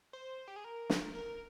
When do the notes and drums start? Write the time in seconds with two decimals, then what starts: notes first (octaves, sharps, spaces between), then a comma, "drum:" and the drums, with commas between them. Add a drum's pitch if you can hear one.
0.13 C5
0.48 G4
0.56 G#4
0.64 A#4
0.90 drum: snare
1.15 A#4